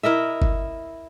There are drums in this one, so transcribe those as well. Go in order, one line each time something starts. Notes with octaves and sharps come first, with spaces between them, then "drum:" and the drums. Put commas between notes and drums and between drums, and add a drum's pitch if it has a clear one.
E4 A#4 D#5 E5
drum: kick G1